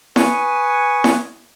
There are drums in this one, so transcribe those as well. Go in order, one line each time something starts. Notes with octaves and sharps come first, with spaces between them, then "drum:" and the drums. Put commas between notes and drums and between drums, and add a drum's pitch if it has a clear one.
B4 G#5 C#6 D#6, drum: snare E4
drum: snare E4